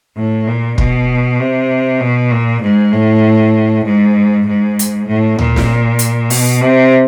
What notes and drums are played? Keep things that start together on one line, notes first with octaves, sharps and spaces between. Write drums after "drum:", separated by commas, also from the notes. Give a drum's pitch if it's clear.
A2
A#2
B2, drum: kick
C3
B2
A#2
G#2
A2
G#2
G#2
drum: hi-hat
A2
A#2, drum: tom D2
drum: snare
drum: hi-hat
B2, drum: open hi-hat
C3